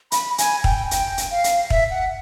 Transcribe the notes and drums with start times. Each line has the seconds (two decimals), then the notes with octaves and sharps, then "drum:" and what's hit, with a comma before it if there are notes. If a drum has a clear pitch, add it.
0.12 B5, drum: hi-hat
0.38 G#5, drum: hi-hat
0.64 G5, drum: kick
0.91 G5, drum: hi-hat
1.18 drum: hi-hat
1.31 F5
1.44 drum: hi-hat
1.70 E5, drum: kick
1.91 F#5